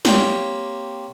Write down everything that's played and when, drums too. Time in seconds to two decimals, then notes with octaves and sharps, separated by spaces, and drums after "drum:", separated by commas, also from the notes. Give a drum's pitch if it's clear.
0.05 A#3 C4 G4 C#5, drum: snare